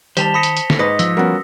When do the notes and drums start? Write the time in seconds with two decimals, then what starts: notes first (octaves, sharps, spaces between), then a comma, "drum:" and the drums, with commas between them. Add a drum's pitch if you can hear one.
0.17 D#3 G3 C5 G#5 A5 B6 F7 G7, drum: hi-hat
0.34 B5 D#6 A#6 B6 C#7
0.43 drum: hi-hat
0.57 drum: hi-hat
0.70 drum: snare
0.79 G#2 B4 D#5 D#6 A#6
0.99 F3 E6, drum: hi-hat
1.17 G3 B3 C#4 F#4 A#4